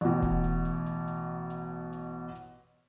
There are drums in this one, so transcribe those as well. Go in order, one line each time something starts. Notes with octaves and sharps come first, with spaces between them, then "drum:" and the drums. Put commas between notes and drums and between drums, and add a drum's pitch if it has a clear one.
A1 B2, drum: hi-hat
drum: kick E1, hi-hat
drum: hi-hat
drum: hi-hat
drum: hi-hat
drum: hi-hat
drum: hi-hat
drum: hi-hat
drum: hi-hat